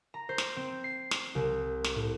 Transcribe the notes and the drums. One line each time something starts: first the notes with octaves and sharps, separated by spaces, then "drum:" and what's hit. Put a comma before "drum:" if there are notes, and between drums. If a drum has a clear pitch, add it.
A#5
C5
drum: snare
C4
C7
drum: snare
C2
drum: snare
A2